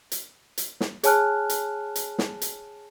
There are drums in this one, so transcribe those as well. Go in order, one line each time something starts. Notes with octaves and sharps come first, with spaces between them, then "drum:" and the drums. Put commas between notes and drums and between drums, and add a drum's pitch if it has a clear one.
drum: hi-hat
drum: hi-hat
drum: snare
G#4 C#5 G#5 A5 F6 F#6, drum: hi-hat
drum: hi-hat
drum: hi-hat
drum: snare
drum: hi-hat